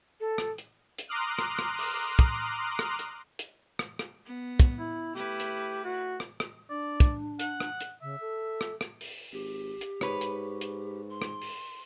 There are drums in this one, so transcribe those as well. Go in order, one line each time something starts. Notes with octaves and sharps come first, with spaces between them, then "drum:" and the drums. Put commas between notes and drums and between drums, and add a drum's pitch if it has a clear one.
A4
drum: rim click
drum: hi-hat
drum: hi-hat
A#5 C6 D6 D#6 F6 F#6
drum: rim click
drum: rim click
drum: open hi-hat
drum: kick, hi-hat
drum: rim click
drum: hi-hat
drum: hi-hat
drum: rim click
drum: rim click
B3
drum: kick, hi-hat
E4
A3 E4 G4 B4
drum: hi-hat
F#4
drum: rim click
drum: rim click
D4 D5
drum: kick, hi-hat
F#5, drum: hi-hat
drum: rim click
drum: hi-hat
C#3 E5
A4
drum: rim click
drum: rim click
drum: open hi-hat
G#1 G4
drum: hi-hat
G#2 B4 C#5, drum: rim click
drum: hi-hat
drum: hi-hat
C6
drum: rim click
drum: open hi-hat